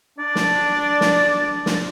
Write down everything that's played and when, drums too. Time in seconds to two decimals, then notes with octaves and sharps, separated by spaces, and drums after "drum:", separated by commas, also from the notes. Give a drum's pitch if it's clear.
0.19 D4 D5
0.35 drum: snare
1.01 drum: snare
1.66 drum: snare